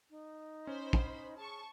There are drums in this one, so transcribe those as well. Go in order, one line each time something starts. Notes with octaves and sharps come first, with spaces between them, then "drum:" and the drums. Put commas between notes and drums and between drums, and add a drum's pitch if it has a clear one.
D#4
C#4 C5 B5
drum: kick
G#4 A5 C#6